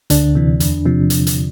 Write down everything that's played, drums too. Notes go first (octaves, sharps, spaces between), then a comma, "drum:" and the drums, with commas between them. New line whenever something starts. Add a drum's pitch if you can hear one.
D2 D3 D4, drum: hi-hat
C3 E3
E2, drum: hi-hat
C3 F3
drum: hi-hat
drum: hi-hat